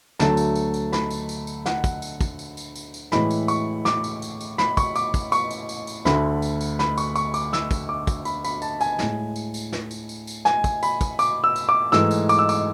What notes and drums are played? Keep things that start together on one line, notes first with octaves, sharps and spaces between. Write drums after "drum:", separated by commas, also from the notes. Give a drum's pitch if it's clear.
D2 D3 F#3 A3 A5, drum: snare
drum: tambourine
drum: tambourine
drum: tambourine
B5, drum: snare
drum: tambourine
drum: tambourine
drum: tambourine
F#5, drum: snare
drum: kick, tambourine
drum: tambourine
drum: kick, tambourine
drum: tambourine
drum: tambourine
drum: tambourine
drum: tambourine
A2 E3 G#3 B5, drum: snare
drum: tambourine
C#6, drum: tambourine
D6, drum: snare
drum: tambourine
drum: tambourine
drum: tambourine
B5, drum: snare
C#6, drum: kick, tambourine
D6, drum: tambourine
drum: kick, tambourine
C#6, drum: tambourine
drum: tambourine
drum: tambourine
drum: tambourine
D2 D3 A3 B5, drum: snare
drum: tambourine
drum: tambourine
B5, drum: snare
C#6, drum: tambourine
C#6, drum: tambourine
D6, drum: tambourine
E6, drum: snare
drum: kick, tambourine
D6
drum: kick, tambourine
B5, drum: tambourine
B5, drum: tambourine
A5, drum: tambourine
G#5, drum: tambourine
A2 G#3, drum: snare
drum: tambourine
drum: tambourine
drum: snare
drum: tambourine
drum: tambourine
drum: tambourine
G#5, drum: snare
drum: kick, tambourine
B5, drum: tambourine
drum: kick, tambourine
D6, drum: tambourine
E6
drum: tambourine
D6
G#2 E3 A3 E6, drum: snare
drum: tambourine
D6, drum: tambourine
E6
D6, drum: tambourine